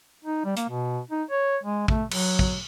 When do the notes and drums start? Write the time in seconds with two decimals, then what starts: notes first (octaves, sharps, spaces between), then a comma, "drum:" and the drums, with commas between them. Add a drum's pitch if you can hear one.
0.25 D#4
0.45 G3
0.57 A#3, drum: hi-hat
0.69 B2
1.11 D#4
1.30 C#5
1.64 G#3
1.88 A3, drum: kick
2.11 F#3, drum: cymbal
2.39 drum: kick